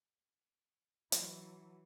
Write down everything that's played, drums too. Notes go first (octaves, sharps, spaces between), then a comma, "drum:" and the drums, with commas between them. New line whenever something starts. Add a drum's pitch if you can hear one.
E3 F#3, drum: hi-hat